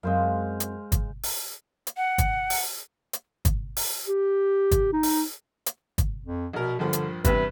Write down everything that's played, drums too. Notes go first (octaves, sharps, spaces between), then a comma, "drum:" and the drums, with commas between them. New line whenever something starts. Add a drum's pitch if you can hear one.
F#2 G#3 C4 C5 F5
drum: hi-hat
drum: kick, hi-hat
drum: open hi-hat
drum: hi-hat
F#5
drum: kick, hi-hat
drum: open hi-hat
drum: hi-hat
drum: kick, hi-hat
drum: open hi-hat
G4
drum: kick, hi-hat
D#4
drum: open hi-hat
drum: hi-hat
drum: kick, hi-hat
F2
A#1 B2 A#4
A#1 G2 D3 F3
drum: hi-hat
E2 G2 C3 B4, drum: kick, hi-hat